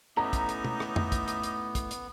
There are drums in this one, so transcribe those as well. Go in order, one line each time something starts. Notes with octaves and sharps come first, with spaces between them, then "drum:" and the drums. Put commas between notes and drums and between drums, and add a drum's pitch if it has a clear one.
A2 A3 B3 C#4 D#4 E5 A#5 D6
drum: kick, hi-hat
drum: hi-hat
drum: tom
drum: rim click
drum: tom
drum: kick, hi-hat
drum: hi-hat
drum: hi-hat
drum: kick, hi-hat
drum: hi-hat